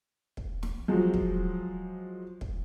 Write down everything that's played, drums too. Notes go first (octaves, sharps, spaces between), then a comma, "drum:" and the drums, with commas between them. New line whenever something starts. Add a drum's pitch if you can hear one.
drum: kick
drum: snare
F3 F#3 G#3
drum: kick
drum: kick